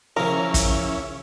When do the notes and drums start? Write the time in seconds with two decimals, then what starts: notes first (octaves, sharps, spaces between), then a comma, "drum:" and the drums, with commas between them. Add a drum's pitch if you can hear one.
0.16 C#3 F3 A#3 C#4 E4 A#4
0.54 drum: kick, hi-hat